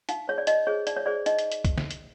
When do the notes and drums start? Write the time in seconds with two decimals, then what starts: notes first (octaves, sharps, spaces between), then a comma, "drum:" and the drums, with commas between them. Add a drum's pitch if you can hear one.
0.09 D#4 F5, drum: hi-hat
0.28 G#4 C5 C#5
0.38 D5
0.47 D#4 D#5, drum: hi-hat
0.67 G#4 C5 C#5
0.87 D#4 D5, drum: hi-hat
0.97 C#5
1.06 G#4 C5 D5
1.26 D#4 D#5, drum: hi-hat
1.39 drum: hi-hat
1.52 drum: hi-hat
1.65 drum: kick, hi-hat
1.78 drum: snare
1.91 drum: hi-hat